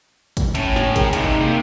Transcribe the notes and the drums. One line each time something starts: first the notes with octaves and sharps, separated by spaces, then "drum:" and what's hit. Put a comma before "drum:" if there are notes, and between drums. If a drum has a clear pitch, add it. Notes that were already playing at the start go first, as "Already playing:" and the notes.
drum: kick, hi-hat
A2 C#4, drum: hi-hat
drum: snare
G#4 A#4 G5, drum: kick, hi-hat
G2 C3 D#4, drum: hi-hat
C3 A#3